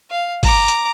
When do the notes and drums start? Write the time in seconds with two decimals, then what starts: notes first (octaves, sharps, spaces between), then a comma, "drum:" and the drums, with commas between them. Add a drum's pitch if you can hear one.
0.11 F5
0.43 A#5 D6, drum: kick, open hi-hat
0.68 drum: hi-hat